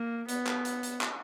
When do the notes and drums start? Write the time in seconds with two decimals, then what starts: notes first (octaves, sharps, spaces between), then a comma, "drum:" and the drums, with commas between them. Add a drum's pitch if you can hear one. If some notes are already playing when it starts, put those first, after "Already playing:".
Already playing: A#3
0.28 B3, drum: hi-hat
0.47 drum: clap
0.65 drum: hi-hat
0.83 drum: hi-hat
1.01 drum: clap